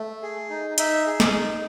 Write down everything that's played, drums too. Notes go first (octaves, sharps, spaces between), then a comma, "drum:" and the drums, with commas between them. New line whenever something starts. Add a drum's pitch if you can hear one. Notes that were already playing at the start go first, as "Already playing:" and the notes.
Already playing: A3
G#4
D#4
D#4 E5, drum: hi-hat
G#4
drum: snare
D#4